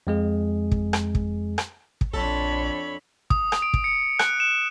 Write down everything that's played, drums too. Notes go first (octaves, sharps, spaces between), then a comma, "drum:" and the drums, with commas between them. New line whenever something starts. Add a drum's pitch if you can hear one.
F2 G#3 G#4
drum: kick
drum: rim click
drum: kick
drum: rim click
drum: kick
A#1 F2 D4 A4 C#5 B5
D#6, drum: kick
drum: rim click
D7
drum: kick
C#7
F#6, drum: rim click
E7